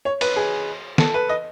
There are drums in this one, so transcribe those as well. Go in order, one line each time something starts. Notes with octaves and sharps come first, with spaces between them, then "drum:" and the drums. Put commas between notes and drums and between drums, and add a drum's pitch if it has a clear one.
C#5
B4, drum: cymbal
G#4
A4, drum: snare
B4
D#5